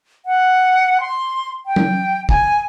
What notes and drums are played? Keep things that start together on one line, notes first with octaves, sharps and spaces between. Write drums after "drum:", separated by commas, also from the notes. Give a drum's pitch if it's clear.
F#5
C6
G5
drum: tom F#3
G#5, drum: kick